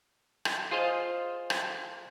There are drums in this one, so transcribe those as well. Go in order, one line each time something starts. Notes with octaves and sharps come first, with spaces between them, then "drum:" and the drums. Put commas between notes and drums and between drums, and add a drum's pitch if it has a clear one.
drum: rim click
F4 G#4 C5 D#5 F5
drum: rim click